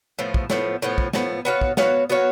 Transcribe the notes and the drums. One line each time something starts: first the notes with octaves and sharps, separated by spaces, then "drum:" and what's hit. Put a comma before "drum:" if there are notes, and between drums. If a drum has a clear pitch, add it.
A2 F3 B3
drum: kick
A2 F3 B3, drum: snare
A2 F3 B3
drum: kick
A2 F3 B3, drum: snare
B3 F#4 C#5 F5
drum: kick
B3 F#4 C#5 F5, drum: snare
B3 F#4 C#5 F5